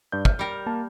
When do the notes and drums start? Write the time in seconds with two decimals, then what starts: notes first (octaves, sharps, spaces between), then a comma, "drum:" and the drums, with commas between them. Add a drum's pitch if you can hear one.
0.12 G2 D5 G6
0.25 F6, drum: kick
0.39 G3 A#4
0.66 A#3 A5